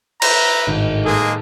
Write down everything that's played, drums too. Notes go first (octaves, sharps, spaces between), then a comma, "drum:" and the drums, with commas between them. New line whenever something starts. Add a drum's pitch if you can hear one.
B4 E5 A#5, drum: cymbal
G#1 A2
G#3 A#3 G#4 A4 B4